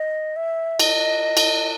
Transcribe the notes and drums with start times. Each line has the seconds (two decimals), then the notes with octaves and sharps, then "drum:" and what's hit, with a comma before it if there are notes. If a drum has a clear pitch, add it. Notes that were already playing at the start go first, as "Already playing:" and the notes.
Already playing: D#5
0.36 E5
0.79 D#5, drum: cymbal
1.37 drum: cymbal